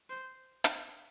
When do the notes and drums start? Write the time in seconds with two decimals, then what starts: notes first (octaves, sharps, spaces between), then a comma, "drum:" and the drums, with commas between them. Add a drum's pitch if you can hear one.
0.10 C5
0.64 drum: hi-hat